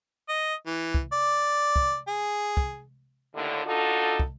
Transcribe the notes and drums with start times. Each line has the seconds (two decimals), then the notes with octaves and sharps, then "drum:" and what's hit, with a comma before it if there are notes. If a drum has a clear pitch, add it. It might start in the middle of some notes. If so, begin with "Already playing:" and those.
0.29 D#5
0.67 E3
0.94 drum: kick
1.12 D5
1.76 drum: kick
2.08 G#4
2.57 drum: kick
3.35 D#2 A2 D3
3.65 D4 D#4 F4 F#4 A4
4.20 drum: kick